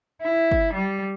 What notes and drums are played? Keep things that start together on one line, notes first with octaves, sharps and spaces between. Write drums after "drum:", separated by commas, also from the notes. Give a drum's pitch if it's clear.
E4
drum: kick
G3